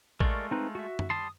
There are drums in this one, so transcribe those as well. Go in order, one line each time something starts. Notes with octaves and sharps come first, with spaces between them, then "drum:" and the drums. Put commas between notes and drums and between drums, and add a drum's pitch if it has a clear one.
G#3 A3 F4 A#4 D5 C#6, drum: kick A1
C4 D#4 B4
F#4 E5
drum: tom F#2
G3 A5 C6 D#6